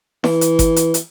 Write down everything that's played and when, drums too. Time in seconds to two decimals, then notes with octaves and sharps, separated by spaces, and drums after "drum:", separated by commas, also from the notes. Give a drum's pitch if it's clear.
0.24 E3, drum: snare E4
0.41 drum: hi-hat
0.59 drum: kick G1, hi-hat
0.76 drum: hi-hat
0.94 drum: hi-hat